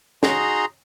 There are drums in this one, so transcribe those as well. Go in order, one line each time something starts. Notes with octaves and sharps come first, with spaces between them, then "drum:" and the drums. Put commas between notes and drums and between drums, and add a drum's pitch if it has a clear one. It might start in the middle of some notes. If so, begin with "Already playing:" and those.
D#4 F#4 G#4 A#5 C6, drum: snare